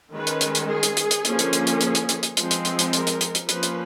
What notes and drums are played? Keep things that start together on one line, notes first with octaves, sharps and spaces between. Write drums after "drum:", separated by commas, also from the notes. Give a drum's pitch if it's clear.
D#3 G#3 C#4 B4
drum: hi-hat
drum: hi-hat
drum: hi-hat
G#4
drum: hi-hat
drum: hi-hat
drum: hi-hat
D3 F3 A#3 C#4, drum: hi-hat
drum: hi-hat
drum: hi-hat
drum: hi-hat
G#4, drum: hi-hat
drum: hi-hat
drum: hi-hat
drum: hi-hat
F3 G#3 C4, drum: hi-hat
drum: hi-hat
drum: hi-hat
drum: hi-hat
A#4, drum: hi-hat
drum: hi-hat
drum: hi-hat
drum: hi-hat
F3 A#3 C#4 B4, drum: hi-hat
drum: hi-hat